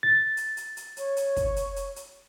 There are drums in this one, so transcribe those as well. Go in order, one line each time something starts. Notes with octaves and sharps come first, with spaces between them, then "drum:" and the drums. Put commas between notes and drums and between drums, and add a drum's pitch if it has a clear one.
A6
drum: hi-hat
drum: hi-hat
drum: hi-hat
C#5, drum: hi-hat
drum: hi-hat
drum: kick, hi-hat
drum: hi-hat
drum: hi-hat
drum: hi-hat